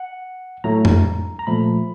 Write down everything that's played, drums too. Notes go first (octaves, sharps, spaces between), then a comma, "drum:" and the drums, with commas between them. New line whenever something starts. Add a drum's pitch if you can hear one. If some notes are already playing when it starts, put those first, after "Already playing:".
Already playing: F#5
A2 F#3 A3 A#5
drum: tom F2
A#5
A#2 F3 A3 B5